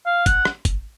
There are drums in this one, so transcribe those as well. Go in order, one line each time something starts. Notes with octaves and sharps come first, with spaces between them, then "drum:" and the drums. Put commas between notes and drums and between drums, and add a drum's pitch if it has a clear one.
F5
F#5, drum: kick, hi-hat
drum: rim click
drum: kick, hi-hat